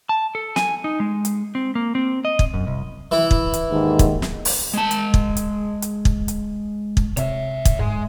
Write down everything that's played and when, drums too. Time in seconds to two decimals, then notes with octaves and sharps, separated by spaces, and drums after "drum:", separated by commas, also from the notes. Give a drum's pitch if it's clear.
0.09 A5
0.35 A4
0.56 G#5, drum: snare
0.84 D#4
1.00 G#3
1.25 drum: hi-hat
1.55 C4
1.75 A#3
1.95 C4
2.25 D#5
2.39 drum: kick
2.54 F#2
2.67 C2
3.11 E3 E4
3.31 drum: kick
3.54 drum: hi-hat
3.70 D#2 G#2 D#3
3.99 drum: kick, hi-hat
4.22 drum: snare
4.45 drum: open hi-hat
4.74 G#3 A5
4.91 drum: hi-hat
5.14 drum: kick
5.37 drum: hi-hat
5.82 drum: hi-hat
6.05 drum: kick
6.28 drum: hi-hat
6.97 drum: kick
7.17 C3 C#5 E5, drum: hi-hat
7.65 drum: kick, hi-hat
7.79 G#2 G#3